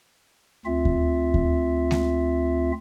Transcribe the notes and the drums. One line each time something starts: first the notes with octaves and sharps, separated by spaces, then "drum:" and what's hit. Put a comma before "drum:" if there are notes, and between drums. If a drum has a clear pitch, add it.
D2 C4 F4 E5
drum: kick D#2
drum: kick D#2
drum: snare G#3